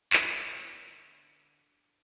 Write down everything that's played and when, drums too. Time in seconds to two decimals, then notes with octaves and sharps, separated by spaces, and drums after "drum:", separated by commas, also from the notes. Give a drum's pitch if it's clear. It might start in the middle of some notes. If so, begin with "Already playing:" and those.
0.13 D3 A3, drum: clap
0.53 B3